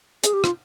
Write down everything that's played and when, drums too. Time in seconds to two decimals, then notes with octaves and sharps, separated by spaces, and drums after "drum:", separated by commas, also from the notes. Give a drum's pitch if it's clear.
0.24 G#4, drum: hi-hat
0.34 G4
0.44 F4, drum: rim click